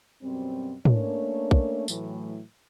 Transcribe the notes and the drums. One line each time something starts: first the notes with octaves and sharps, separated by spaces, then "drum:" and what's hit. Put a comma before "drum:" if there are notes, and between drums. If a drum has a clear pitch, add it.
F#2 B2 G3 C4
A3 A#3 C#4 D4 A#4 C#5, drum: tom
drum: kick
A2 E3 F#3, drum: tambourine